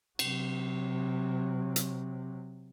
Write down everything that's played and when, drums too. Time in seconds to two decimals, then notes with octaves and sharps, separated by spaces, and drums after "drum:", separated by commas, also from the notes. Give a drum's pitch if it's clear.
0.19 C3 F#3, drum: cymbal
1.76 drum: hi-hat